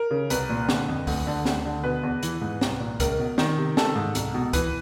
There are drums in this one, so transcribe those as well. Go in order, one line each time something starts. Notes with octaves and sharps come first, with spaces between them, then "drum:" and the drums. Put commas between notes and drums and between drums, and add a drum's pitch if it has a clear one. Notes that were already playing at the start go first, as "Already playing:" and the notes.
Already playing: A#4
C#3
C2 B4, drum: hi-hat
A#2
D3, drum: snare
F2
D2, drum: kick C#2, open hi-hat
D3
D2, drum: snare
D3
B2 B4
E2
E3, drum: hi-hat
G#2
C2, drum: snare
A#2
C#2 A#4, drum: kick C#2, hi-hat
B2
D#3, drum: snare
C3
D#3 A4, drum: snare
G#2
C2, drum: hi-hat
B2
E3 B4, drum: kick C#2, hi-hat